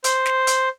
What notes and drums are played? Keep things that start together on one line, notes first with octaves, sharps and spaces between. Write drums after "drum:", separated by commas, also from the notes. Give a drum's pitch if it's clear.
C5, drum: hi-hat
drum: snare
drum: hi-hat